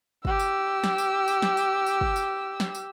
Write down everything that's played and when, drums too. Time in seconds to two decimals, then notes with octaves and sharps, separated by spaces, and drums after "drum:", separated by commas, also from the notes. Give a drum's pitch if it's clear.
0.25 G4 E6, drum: kick
0.40 drum: tambourine
0.84 drum: snare
0.98 drum: tambourine
1.28 drum: tambourine
1.42 drum: snare
1.57 drum: tambourine
1.86 drum: tambourine
2.01 drum: kick
2.16 drum: tambourine
2.60 drum: snare
2.75 drum: tambourine